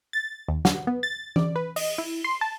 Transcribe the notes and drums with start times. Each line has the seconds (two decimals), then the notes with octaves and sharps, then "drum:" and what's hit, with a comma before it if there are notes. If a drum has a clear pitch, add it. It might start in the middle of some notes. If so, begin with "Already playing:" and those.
0.13 A6
0.48 D#2
0.65 F#4, drum: snare
0.87 B3
1.03 A6
1.36 D5, drum: tom E3
1.56 B4
1.76 D#5, drum: open hi-hat
1.98 E4
2.24 C6
2.41 A5